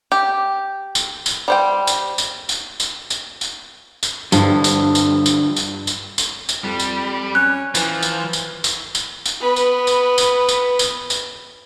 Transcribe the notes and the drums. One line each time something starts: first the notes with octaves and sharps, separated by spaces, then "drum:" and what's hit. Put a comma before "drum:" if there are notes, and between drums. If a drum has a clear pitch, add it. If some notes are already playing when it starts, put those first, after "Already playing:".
G4
drum: tambourine
drum: tambourine
G3 C5 G5
drum: tambourine
drum: tambourine
drum: tambourine
drum: tambourine
drum: tambourine
drum: tambourine
drum: tambourine
G2 D3 F3, drum: tambourine
drum: tambourine
drum: tambourine
drum: tambourine
drum: tambourine
drum: tambourine
drum: tambourine
drum: tambourine
F2 G3
drum: tambourine
C#4 F#6
E3 F3, drum: tambourine
drum: tambourine
drum: tambourine
drum: tambourine
drum: tambourine
drum: tambourine
B3 B4
drum: tambourine
drum: tambourine
drum: tambourine
drum: tambourine
drum: tambourine
drum: tambourine